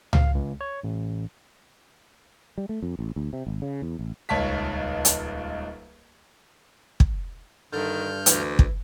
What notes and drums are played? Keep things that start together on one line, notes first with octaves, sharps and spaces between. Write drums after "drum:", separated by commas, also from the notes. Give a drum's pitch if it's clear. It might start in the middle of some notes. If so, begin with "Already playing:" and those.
F5, drum: tom C#2
C#2
C#5
A1
G3
A3
F2
A1
D2
C3
G#1
C#3
E2
A1
D#1 C#2 C#5 A5 B6
drum: hi-hat
drum: kick
G2 D3 D#3 F6 G6
D2 E3, drum: hi-hat
drum: kick